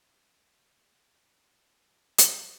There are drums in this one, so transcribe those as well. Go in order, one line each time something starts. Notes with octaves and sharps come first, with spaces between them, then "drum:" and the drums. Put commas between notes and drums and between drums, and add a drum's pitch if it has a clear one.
E5 F#5 C6 D6 F6
drum: hi-hat